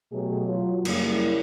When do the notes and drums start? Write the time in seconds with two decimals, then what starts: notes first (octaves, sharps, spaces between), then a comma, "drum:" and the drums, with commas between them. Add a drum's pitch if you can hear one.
0.12 B2 F#3 A3 G4 G#4
0.49 F#3 F4
0.85 F#2 C#3 G3 A#3 E4, drum: cymbal